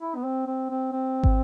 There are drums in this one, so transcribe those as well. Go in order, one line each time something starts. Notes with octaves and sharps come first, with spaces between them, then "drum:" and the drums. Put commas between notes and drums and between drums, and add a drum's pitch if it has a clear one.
E4
B3
C4
C4
C4
C4
drum: kick